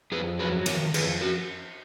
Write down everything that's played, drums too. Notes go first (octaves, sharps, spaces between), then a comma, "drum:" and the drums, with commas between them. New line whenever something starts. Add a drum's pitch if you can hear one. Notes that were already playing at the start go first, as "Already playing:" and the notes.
F2 G#4 B4
F#3 G#4 B4
D#3 A#4 C#5, drum: cymbal
F2 G#4 B4, drum: cymbal
F#4 A#4